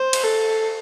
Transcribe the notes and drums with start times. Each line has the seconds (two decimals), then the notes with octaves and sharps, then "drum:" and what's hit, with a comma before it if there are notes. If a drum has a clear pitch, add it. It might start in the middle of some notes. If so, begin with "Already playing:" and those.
Already playing: C5
0.13 drum: cymbal
0.24 A4